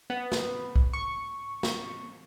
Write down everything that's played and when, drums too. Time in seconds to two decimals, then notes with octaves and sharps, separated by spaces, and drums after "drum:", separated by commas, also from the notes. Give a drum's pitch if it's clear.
0.10 B3
0.32 drum: snare
0.76 drum: kick
0.93 C#6
1.63 drum: snare